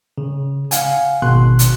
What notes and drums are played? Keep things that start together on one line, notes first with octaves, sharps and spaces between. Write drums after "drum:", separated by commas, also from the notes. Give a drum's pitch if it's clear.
C#3
F5 F#5 G#5, drum: hi-hat
G#1 B2 C6 F#6
drum: hi-hat